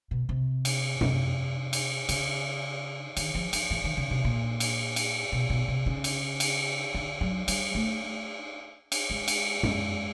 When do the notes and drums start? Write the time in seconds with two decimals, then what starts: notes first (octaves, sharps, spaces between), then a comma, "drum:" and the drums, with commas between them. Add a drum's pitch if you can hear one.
0.11 B2
0.29 C3
0.65 drum: cymbal
1.01 C3, drum: tom F#2
1.73 drum: cymbal
2.09 C#3, drum: cymbal
3.17 D#3, drum: cymbal
3.35 F3
3.53 F3, drum: cymbal
3.71 E3
3.84 D#3
3.97 C#3
4.11 C3
4.25 A#2
4.60 drum: cymbal
4.96 drum: cymbal
5.32 B2
5.50 B2
5.68 C3
5.86 C#3
6.04 drum: cymbal
6.40 drum: cymbal
6.95 D3
7.21 F#3
7.48 G3, drum: cymbal
7.75 A3
8.92 drum: cymbal
9.10 G#3
9.28 drum: cymbal
9.63 G#3, drum: tom F#2